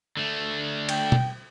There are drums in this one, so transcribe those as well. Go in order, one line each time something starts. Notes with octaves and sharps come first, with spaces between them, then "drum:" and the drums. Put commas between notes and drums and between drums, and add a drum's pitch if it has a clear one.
D3 A3
G5, drum: cymbal
drum: tom